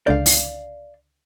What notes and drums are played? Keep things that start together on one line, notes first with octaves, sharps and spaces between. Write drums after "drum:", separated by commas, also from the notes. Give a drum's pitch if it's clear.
C#2 D3 D5 F5 G6
drum: open hi-hat